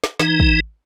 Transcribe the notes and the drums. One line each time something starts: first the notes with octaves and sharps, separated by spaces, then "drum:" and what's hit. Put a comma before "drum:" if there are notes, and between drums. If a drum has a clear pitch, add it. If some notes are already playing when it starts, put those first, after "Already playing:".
drum: snare
E3 D#4, drum: snare
drum: kick